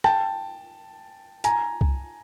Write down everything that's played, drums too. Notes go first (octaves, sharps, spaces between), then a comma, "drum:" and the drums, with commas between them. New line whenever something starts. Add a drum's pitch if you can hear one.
G5 A5, drum: rim click
G#5 A#5, drum: hi-hat
drum: kick